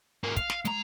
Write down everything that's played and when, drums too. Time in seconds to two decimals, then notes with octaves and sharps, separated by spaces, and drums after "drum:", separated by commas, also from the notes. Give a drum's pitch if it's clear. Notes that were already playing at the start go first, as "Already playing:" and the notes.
0.23 G#2 A#3
0.36 F5, drum: kick, hi-hat
0.50 drum: snare
0.65 G#3 A#5, drum: hi-hat